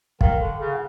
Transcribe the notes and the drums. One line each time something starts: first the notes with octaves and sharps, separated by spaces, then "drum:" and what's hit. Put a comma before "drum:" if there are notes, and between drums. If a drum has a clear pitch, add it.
D#3 F5, drum: kick
D3
C#3
F#5